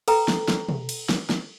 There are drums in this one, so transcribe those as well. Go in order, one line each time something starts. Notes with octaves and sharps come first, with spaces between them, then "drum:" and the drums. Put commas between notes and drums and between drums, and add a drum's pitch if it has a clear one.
A4 B4 G5 A#5, drum: cymbal
drum: snare
drum: snare
drum: tom B2
drum: cymbal
drum: snare
drum: snare